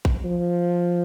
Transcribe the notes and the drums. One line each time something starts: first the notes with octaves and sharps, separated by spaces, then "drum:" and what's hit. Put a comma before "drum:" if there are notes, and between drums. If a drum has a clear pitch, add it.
drum: kick A#1
F3